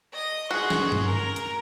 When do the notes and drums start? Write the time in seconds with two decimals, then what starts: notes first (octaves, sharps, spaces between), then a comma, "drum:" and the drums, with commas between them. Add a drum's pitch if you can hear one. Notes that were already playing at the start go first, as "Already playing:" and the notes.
0.12 D#5 D#6
0.51 F#4 G#4 C6
0.70 drum: snare
0.92 drum: tom
1.05 A#4
1.36 drum: hi-hat